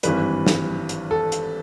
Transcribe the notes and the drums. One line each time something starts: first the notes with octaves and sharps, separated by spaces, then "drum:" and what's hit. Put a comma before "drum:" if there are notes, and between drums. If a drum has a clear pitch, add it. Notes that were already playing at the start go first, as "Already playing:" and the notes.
G#1 G2 E3 G3 B4, drum: hi-hat
drum: snare
drum: hi-hat
A4
drum: hi-hat